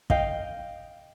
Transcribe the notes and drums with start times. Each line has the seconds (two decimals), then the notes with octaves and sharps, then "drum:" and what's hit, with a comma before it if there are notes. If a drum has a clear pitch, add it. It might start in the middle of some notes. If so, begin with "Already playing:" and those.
0.10 D#5 F5 G5, drum: kick